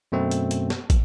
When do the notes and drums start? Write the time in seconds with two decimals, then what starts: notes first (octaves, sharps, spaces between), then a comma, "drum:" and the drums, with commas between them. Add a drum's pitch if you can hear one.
0.12 F#2 B2 A3 C4
0.31 drum: hi-hat
0.51 drum: hi-hat
0.70 drum: snare
0.90 drum: kick, hi-hat